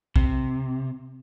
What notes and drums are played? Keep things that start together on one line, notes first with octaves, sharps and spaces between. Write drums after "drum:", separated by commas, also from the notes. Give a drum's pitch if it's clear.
C3, drum: kick